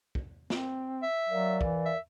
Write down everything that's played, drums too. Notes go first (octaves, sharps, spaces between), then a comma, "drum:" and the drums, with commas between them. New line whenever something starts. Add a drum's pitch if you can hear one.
drum: kick
C4, drum: snare
E5
F#3 A#4 D5 F5
E3, drum: kick
E5